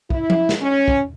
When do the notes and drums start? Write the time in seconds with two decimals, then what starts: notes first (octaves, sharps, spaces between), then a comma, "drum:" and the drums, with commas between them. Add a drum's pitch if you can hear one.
0.10 E4, drum: kick
0.30 drum: tom F3
0.49 drum: snare
0.61 C#4
0.88 drum: kick